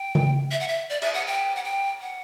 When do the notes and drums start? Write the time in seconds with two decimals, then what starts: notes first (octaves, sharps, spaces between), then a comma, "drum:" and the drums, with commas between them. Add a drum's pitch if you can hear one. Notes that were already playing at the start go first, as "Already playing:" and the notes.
Already playing: G5
0.15 drum: tom C#3
0.52 E5
0.60 F#5
0.68 E5
0.90 D5
1.02 E5, drum: cymbal
1.14 F#5
1.27 G5
1.56 F#5
1.64 G5
2.01 F#5